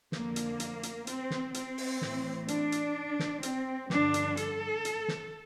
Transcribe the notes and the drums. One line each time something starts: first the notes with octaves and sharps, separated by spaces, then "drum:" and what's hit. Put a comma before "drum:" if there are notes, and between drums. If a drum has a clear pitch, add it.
F2 D3 F3 A#3, drum: snare
drum: hi-hat
drum: hi-hat
drum: hi-hat
C4, drum: hi-hat
drum: snare
C4, drum: hi-hat
drum: open hi-hat
A2 E3, drum: snare
D4, drum: hi-hat
drum: hi-hat
drum: snare
C4, drum: hi-hat
G2 D3 F3 D4, drum: snare
drum: hi-hat
A4, drum: hi-hat
drum: hi-hat
drum: snare